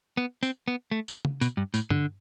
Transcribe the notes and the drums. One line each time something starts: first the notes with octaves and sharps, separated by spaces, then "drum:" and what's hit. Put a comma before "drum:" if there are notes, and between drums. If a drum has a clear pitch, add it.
B3
C4, drum: tambourine
B3
A3
drum: tambourine
drum: tom
B2, drum: tambourine
G2
A2, drum: tambourine
D3, drum: tom